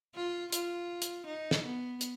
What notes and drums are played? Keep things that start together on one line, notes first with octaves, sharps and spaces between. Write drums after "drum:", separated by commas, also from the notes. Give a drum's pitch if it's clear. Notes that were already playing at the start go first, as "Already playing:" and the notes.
F4
F4, drum: hi-hat
drum: hi-hat
D#4
drum: snare
B3
drum: hi-hat